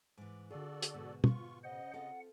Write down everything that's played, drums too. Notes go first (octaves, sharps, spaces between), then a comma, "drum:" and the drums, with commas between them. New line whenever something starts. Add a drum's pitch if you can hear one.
G#2 E3 D6
D3 F4 F#4 G#4 A4 D5
drum: hi-hat
G#2 B2
F4 C#6, drum: tom
C#3 C5 D#5 F#5
C4 F4 A4 F#5